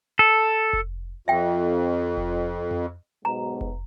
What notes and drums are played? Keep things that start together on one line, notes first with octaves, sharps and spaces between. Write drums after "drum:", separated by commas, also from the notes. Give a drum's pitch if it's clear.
A4
drum: kick F1
F2 F4 E5 G5
drum: kick F1
drum: tom F2
B1 G#2 B2 A#5
drum: kick F1